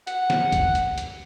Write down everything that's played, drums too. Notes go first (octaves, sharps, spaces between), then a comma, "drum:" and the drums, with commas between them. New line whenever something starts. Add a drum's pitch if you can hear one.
F#5, drum: hi-hat
drum: snare
drum: kick, hi-hat
drum: hi-hat
drum: hi-hat